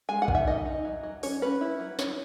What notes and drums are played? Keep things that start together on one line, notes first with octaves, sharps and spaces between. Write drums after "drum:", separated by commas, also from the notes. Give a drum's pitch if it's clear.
G#3 G#5
F#5
D#3, drum: kick A#1
E5
D#4 D#5
D#4
F#3
F#3
C#4 C#5, drum: open hi-hat
C#4 B4
E4
F#3
D#4 C#5, drum: snare